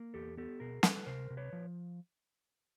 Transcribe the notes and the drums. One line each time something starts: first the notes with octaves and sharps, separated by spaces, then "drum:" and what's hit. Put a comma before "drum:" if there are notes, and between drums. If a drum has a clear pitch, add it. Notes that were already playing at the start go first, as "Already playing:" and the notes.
Already playing: A#3
E2 G4 A4
B3 G4 A4
B2 G#4 A#4
G3 A4 B4, drum: snare
B4
C3 A#4 C5
C3
B4 C#5
F3